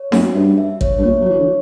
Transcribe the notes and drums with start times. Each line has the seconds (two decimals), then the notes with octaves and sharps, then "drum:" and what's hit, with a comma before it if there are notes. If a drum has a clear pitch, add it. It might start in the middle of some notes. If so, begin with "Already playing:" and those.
Already playing: C#5
0.12 F#2 F#4, drum: snare D#4
0.35 G2 E5
0.58 E5
0.81 C#5, drum: kick
0.98 G2
1.03 A#2 C#5
1.21 F#3
1.26 E3 C#5
1.38 D3